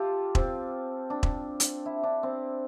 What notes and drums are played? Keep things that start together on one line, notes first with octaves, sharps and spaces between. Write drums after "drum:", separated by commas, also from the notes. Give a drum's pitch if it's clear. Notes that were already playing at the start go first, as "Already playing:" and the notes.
Already playing: F4 G4 A4
C4, drum: kick E1
D4
drum: kick E1
drum: hi-hat
E4
D4
C4